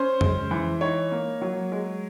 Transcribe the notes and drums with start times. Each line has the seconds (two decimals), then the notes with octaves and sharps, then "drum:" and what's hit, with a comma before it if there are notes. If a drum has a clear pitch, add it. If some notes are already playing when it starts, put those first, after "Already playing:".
Already playing: C#4 C5
0.21 G#3, drum: tom F2
0.51 E3
0.81 D#4 C#5
1.12 A#3
1.42 F#3
1.72 G#3